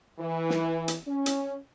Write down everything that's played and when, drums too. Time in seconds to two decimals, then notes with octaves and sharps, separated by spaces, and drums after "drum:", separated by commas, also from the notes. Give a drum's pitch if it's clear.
0.19 E3
0.50 drum: snare
0.88 drum: hi-hat
1.07 C#4
1.26 drum: hi-hat